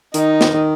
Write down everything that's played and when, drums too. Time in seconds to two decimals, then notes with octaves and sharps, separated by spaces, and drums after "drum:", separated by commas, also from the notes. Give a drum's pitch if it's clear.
0.14 D#3 D#4, drum: hi-hat
0.41 drum: snare
0.54 D#3